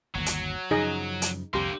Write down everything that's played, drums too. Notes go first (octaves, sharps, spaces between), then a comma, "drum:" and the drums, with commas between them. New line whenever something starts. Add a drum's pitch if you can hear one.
G1 D#2 F#3
drum: hi-hat
F#2 C#3 F3 D#4 G#4 D#5
drum: hi-hat
C2 F2 D3 A#3 G4 C6